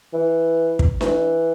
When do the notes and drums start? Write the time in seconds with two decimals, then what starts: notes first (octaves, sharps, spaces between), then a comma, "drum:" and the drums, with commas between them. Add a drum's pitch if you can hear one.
0.13 E3
0.79 drum: kick
1.01 E3, drum: snare D4